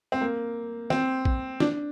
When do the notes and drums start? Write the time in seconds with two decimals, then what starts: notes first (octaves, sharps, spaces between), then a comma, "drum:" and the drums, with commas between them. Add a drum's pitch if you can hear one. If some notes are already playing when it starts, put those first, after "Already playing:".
0.12 C4
0.21 A#3
0.90 C4, drum: snare
1.25 drum: kick
1.60 D4, drum: snare